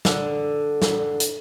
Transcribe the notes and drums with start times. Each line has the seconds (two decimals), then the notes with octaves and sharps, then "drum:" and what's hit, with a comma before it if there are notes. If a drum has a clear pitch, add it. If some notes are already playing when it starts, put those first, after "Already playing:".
0.05 D3, drum: snare
0.82 drum: snare
1.20 drum: hi-hat